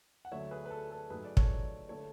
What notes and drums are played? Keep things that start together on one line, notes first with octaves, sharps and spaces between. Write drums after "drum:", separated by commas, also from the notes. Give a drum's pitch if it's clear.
F#5
D2 D3 F#3 A3 C#5 E5
G#4 B4
B4
A4
A4
G#2 F#3 A3 G#4 B4
D5
A4 C#5, drum: kick
D3 A3 A4 C#5